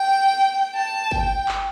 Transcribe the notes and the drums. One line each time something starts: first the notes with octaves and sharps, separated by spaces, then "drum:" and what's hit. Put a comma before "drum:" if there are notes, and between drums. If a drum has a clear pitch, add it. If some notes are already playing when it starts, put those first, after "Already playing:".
Already playing: G5
A5
G5, drum: kick G1
drum: clap